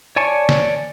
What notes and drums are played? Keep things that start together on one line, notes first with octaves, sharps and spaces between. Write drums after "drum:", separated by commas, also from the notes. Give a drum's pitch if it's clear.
C#5 D5 G#5 A5 C#6
drum: snare